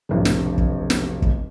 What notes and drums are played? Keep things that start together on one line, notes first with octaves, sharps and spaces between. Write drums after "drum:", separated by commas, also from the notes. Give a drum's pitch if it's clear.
F1 B1 D3
drum: snare
drum: kick
drum: snare
drum: kick